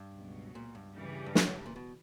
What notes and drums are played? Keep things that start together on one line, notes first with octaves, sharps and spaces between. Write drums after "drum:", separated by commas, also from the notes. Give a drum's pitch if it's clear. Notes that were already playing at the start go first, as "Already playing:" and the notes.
Already playing: G2
C#2 B2 F#3
A#2
G2
C#3 E3 G3
G2
A#2, drum: snare
F#3
G2
A#2
B2